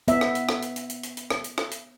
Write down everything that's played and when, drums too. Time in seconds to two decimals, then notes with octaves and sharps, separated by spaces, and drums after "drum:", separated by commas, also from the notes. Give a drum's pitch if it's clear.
0.08 B3 E5, drum: hi-hat
0.21 drum: rim click
0.35 drum: hi-hat
0.49 drum: rim click
0.62 drum: hi-hat
0.76 drum: hi-hat
0.90 drum: hi-hat
1.03 drum: hi-hat
1.17 drum: hi-hat
1.30 drum: rim click
1.44 drum: hi-hat
1.58 drum: rim click
1.71 drum: hi-hat